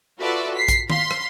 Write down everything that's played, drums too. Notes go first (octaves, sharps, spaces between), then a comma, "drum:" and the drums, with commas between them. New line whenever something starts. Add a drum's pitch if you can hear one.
F4 F#4 A4 B4 D5 E5
B6 C7
drum: kick A#1, hi-hat
F5 C6 B6, drum: tom D#3
drum: rim click